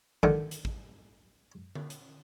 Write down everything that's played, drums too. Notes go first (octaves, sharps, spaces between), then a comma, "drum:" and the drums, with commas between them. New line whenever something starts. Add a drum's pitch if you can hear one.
D3 D#3, drum: kick
drum: hi-hat
drum: kick
drum: tom D3
drum: hi-hat